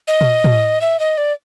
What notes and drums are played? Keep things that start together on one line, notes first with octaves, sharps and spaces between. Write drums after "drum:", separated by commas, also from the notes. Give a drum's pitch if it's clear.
D#5
drum: tom A#2
drum: tom A2
E5
D#5
D5